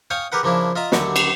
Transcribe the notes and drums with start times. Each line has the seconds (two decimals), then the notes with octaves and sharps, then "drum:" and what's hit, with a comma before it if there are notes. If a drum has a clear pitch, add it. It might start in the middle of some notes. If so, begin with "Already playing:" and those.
0.10 C#5 F5 G5 G#5 C#6 D#6
0.32 G4 G#4 A#4 B4 F#5
0.43 C#3 F3 A#3 D4 E4
0.75 F4 D#5 E5 A#5
0.92 D#2 D3 F#3 G3 C#5 E5, drum: snare
1.16 drum: cymbal